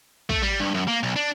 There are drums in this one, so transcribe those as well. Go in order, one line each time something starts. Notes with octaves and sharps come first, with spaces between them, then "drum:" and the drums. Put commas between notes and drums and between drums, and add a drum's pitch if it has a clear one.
A3, drum: kick
G3
G2
F#2
A#3
B1
D4